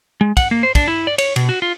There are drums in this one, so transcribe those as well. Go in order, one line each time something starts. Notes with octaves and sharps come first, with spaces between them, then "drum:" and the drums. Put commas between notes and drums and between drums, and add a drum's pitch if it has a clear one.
G#3
F#5, drum: kick, cymbal
A#3
C5
D4, drum: kick, cymbal
E4
D5
C#5, drum: cymbal
B2, drum: cymbal
F#4
F4